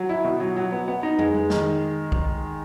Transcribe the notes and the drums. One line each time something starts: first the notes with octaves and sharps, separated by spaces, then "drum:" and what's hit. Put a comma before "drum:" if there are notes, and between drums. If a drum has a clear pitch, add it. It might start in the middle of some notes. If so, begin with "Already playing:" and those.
Already playing: F#3
E4
B2
F#3
F#3
B3
B3
D#4
G#3, drum: tom
G#3
D#3, drum: snare
drum: kick